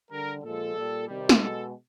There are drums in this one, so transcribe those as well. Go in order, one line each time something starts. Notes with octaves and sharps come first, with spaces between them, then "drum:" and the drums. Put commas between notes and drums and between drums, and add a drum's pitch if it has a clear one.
D3 G3 A#4
A#2 F3 G#3 A4
A#2 G3
C3 D#3 G3
drum: snare
B2 G#3 A4